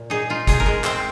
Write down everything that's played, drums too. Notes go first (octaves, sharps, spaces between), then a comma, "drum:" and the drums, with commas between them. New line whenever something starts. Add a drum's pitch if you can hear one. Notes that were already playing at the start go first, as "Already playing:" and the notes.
Already playing: A#2
D#4 G#4
D#4 F4
D#4 G#4, drum: kick F#1, hi-hat
A#4
G#3 G#4
G#3 C4 C5, drum: clap